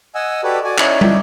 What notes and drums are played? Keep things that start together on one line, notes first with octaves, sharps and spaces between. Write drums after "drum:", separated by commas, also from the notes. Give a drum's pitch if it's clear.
D#5 F#5 G#5 E6
F#4 G4 A4 B4 D5
F#4 D5 G#5
C#4 D#4 E4 C#5 D5, drum: clap
drum: tom